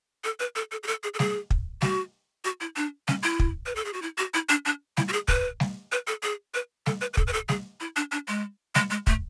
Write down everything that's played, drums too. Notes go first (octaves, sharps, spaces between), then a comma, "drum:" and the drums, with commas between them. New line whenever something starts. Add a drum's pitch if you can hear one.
A4
B4
A4
A4
G#4
A4
G#4
A4
G#4, drum: snare G3
drum: kick
F#4, drum: snare G3
F#4
E4
D4
C#4, drum: snare G3
E4
drum: kick
B4
A4
G#4
F#4
E4
F#4
E4
D4
D4
E4, drum: snare G3
F#4
G#4
B4, drum: kick
drum: snare G3
B4
A4
G#4
B4
A4, drum: snare G3
B4
B4
A4, drum: kick
B4
A4
G#4, drum: snare G3
E4
D4
D4
G#3
G#3, drum: snare G3
G#3
A3, drum: kick